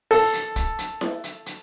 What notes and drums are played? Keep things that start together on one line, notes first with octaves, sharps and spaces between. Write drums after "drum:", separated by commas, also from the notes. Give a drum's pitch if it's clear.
A4, drum: open hi-hat
drum: hi-hat
drum: kick, hi-hat
drum: hi-hat
drum: snare E4
drum: hi-hat
drum: hi-hat